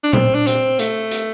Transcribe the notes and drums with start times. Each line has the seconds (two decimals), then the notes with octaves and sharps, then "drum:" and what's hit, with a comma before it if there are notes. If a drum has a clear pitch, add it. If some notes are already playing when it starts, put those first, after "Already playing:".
0.04 D4
0.13 C4, drum: tom A#2
0.35 D4
0.47 C4, drum: hi-hat
0.79 A3, drum: hi-hat
1.11 drum: hi-hat